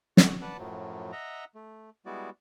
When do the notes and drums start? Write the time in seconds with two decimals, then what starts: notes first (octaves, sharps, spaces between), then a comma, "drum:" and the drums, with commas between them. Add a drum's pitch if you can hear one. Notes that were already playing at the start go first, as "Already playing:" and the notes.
0.17 F#4, drum: snare
0.42 B4 D5 F#5 A5
0.58 F#2 A2 F3 F#3
1.12 D#5 E5 F#5 A#5
1.55 A3
2.06 G3 G#3 B3 E4 F#4 D5